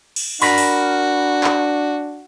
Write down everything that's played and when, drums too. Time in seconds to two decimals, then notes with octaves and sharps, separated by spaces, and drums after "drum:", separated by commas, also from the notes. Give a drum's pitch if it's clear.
0.16 drum: cymbal
0.42 D4 F#4 A#4 B5, drum: open hi-hat
0.58 drum: open hi-hat
1.44 drum: clap